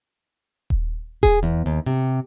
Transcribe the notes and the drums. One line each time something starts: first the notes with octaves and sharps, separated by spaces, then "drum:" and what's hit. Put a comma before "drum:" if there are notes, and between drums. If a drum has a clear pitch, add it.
drum: kick D#1
G#4, drum: kick D#1
E2
D#2
C3